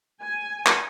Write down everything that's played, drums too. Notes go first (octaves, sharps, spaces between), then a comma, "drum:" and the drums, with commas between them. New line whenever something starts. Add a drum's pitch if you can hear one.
G#5
drum: clap